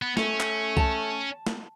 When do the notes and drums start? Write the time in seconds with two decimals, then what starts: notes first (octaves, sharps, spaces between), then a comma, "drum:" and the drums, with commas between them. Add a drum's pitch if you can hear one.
0.02 B3
0.17 A3 C#4, drum: snare
0.40 drum: clap
0.77 A5, drum: kick C2
1.46 drum: snare